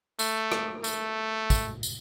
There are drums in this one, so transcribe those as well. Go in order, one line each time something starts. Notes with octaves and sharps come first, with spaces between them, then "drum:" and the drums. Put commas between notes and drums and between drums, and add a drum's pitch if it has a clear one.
A3, drum: tambourine
drum: rim click
A3, drum: tambourine
drum: kick, tambourine
drum: tambourine